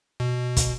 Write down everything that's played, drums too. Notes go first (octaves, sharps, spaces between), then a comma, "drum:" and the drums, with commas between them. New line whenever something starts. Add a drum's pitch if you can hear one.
B2
drum: kick, hi-hat